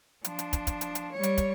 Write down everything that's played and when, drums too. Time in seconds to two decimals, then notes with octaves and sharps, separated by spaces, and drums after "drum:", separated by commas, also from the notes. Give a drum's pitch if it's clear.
0.24 F3 D4, drum: hi-hat
0.39 drum: hi-hat
0.53 drum: kick, hi-hat
0.67 drum: kick, hi-hat
0.81 drum: hi-hat
0.95 drum: hi-hat
1.12 G3 C#5
1.23 drum: hi-hat
1.38 drum: kick, hi-hat